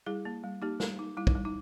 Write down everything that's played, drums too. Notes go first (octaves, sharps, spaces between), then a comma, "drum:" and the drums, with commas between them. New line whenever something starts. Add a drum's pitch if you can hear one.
G3 E4 G#4
A#3
G3
A#3 D#4 G4
G3, drum: snare
D#4
G3 E4
D#4, drum: kick
G3
D#4